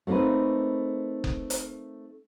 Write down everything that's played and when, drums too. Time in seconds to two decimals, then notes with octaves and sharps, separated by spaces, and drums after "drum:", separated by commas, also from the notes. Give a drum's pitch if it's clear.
0.07 A3 A#3 C4 D#4 B4
1.24 drum: kick F#1
1.50 drum: hi-hat